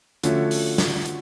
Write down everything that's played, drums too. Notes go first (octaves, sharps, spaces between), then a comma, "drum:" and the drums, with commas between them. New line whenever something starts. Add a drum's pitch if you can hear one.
D3 F3 A3 C#4 F#4, drum: hi-hat
drum: open hi-hat
drum: snare
drum: hi-hat